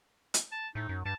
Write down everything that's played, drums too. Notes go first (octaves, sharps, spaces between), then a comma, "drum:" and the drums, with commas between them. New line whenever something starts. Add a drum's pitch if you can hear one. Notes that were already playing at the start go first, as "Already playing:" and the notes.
drum: hi-hat
A5
A2 D#4
F#2
G2 A5